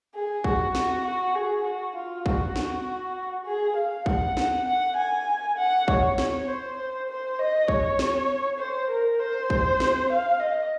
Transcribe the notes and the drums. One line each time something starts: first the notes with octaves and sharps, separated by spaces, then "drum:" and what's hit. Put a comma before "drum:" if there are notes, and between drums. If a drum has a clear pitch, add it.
G#4
F#4, drum: kick
F#4, drum: snare
F#4
G#4
F#4
F4
F#4, drum: kick
drum: snare
G#4
F5
F#5, drum: kick
drum: snare
F#5
G#5
F#5
C#5, drum: kick
C#5, drum: snare
C5
C5
D#5
C#5, drum: kick
drum: snare
C5
A#4
C5
drum: kick
drum: snare
F5
D#5